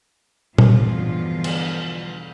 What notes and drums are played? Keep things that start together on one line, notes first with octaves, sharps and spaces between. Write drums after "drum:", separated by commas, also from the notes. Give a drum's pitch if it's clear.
E2 G2 B2 D3 F3 F4, drum: tom A#2
drum: cymbal